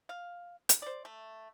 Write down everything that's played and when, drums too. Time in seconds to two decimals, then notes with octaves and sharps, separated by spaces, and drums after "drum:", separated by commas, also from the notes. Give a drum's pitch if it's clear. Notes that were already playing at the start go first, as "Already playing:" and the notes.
0.09 F5
0.69 drum: hi-hat
0.82 C5 D5
1.05 A3